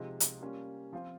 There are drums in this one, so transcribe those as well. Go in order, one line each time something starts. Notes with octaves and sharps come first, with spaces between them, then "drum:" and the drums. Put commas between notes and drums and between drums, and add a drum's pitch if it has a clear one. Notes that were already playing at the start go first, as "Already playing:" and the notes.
Already playing: C3 F3 G#3 D#4
drum: hi-hat
G3 A#3 C#4 F4
F3 C4 F4